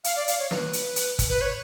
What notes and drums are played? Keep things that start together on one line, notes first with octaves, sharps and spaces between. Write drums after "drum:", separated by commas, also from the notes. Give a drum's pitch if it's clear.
F5, drum: hi-hat
D5
F5, drum: hi-hat
C#5
B4, drum: snare
drum: hi-hat
drum: hi-hat
drum: kick, hi-hat
B4
C#5